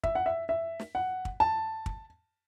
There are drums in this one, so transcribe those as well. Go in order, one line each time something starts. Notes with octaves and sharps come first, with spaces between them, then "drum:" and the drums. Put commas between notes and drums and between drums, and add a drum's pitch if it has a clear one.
E5, drum: kick
F#5
E5
E5
drum: snare
F#5
drum: kick
A5
drum: kick